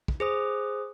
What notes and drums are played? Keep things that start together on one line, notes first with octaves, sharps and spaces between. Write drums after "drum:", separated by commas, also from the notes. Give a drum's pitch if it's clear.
drum: kick
G#4 C5 D#6